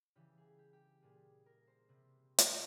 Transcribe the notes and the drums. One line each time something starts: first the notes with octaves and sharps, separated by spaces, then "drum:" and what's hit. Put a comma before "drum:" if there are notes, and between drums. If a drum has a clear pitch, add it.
C#3 E3 G3 G4
G#4
G4
G4
A#2 G3 G#4
A#4
C5
C3 G3
drum: hi-hat